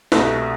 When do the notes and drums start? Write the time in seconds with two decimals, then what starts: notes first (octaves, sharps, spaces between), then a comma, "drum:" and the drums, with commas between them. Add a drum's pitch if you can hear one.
0.12 C2 B2 A3, drum: snare